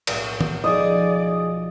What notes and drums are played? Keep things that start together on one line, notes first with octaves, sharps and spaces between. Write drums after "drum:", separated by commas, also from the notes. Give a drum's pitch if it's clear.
B1 A2, drum: cymbal
drum: tom D#3
F3 G#3 A3 D#4 G#4 D5 D#5